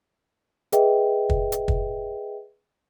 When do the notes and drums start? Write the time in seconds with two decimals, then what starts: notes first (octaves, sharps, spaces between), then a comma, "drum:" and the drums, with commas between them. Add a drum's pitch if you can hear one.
0.72 G#4 B4 D#5 E5 G5, drum: hi-hat
1.30 drum: kick
1.52 drum: hi-hat
1.68 drum: kick